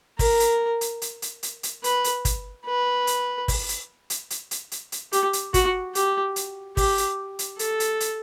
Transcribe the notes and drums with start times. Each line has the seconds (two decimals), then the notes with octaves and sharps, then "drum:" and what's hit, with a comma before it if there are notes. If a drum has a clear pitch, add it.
0.19 A#4, drum: kick, open hi-hat
0.40 drum: hi-hat
0.81 drum: hi-hat
1.02 drum: hi-hat
1.22 drum: hi-hat
1.43 drum: hi-hat
1.63 drum: hi-hat
1.84 B4, drum: hi-hat
2.04 drum: hi-hat
2.25 drum: kick, hi-hat
2.66 B4
3.07 drum: hi-hat
3.48 drum: kick, open hi-hat
3.69 drum: hi-hat
4.10 drum: hi-hat
4.30 drum: hi-hat
4.51 drum: hi-hat
4.72 drum: hi-hat
4.92 drum: hi-hat
5.13 G4, drum: hi-hat
5.33 drum: hi-hat
5.54 F#4, drum: kick, hi-hat
5.95 G4, drum: hi-hat
6.36 drum: hi-hat
6.77 G4, drum: kick, open hi-hat
6.98 drum: hi-hat
7.39 drum: hi-hat
7.59 A4, drum: hi-hat
7.80 drum: hi-hat
8.00 drum: hi-hat